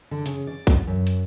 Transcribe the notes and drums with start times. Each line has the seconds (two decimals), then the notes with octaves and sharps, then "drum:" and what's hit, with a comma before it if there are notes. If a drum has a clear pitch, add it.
0.11 D3
0.26 C#3, drum: hi-hat
0.47 D5
0.67 drum: kick, hi-hat
0.87 F#2
1.07 drum: hi-hat